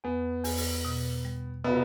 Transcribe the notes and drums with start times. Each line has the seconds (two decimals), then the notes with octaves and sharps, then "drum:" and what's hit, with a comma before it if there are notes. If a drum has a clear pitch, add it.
0.04 E2 B3
0.44 E2, drum: open hi-hat
0.57 drum: open hi-hat
0.85 B2
1.25 G3
1.64 C3 B3, drum: cymbal